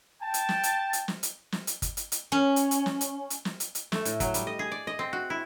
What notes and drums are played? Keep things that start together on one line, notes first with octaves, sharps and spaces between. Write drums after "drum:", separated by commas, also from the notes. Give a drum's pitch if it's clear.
G5 A5
drum: hi-hat
drum: snare
drum: hi-hat
drum: hi-hat
drum: snare
drum: hi-hat
drum: snare
drum: hi-hat
drum: kick G1, hi-hat
drum: hi-hat
drum: hi-hat
C#4
drum: hi-hat
drum: hi-hat
drum: snare
drum: hi-hat
drum: hi-hat
drum: snare
drum: hi-hat
drum: hi-hat
A3, drum: snare
A2, drum: hi-hat
F#3, drum: kick G1, hi-hat
G3, drum: hi-hat
D#5
G#4
D5
D#5
C4
F#4
E4